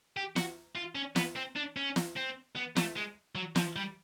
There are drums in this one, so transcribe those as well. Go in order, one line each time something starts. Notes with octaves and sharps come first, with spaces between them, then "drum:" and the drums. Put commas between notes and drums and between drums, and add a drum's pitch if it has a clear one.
G4
F#4, drum: snare
F4
C#4
B3, drum: snare
C4
D4
C#4
drum: snare
C4
B3
A3, drum: snare
G#3
F#3
F3, drum: snare
G3